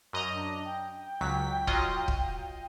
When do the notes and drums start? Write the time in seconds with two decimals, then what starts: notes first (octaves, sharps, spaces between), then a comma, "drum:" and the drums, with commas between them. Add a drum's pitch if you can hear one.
0.13 F#2 D#5 A#5
0.33 D4
0.66 G5
1.21 C#2 F#3 B6
1.67 F#3 F4 D#5, drum: kick
2.08 drum: kick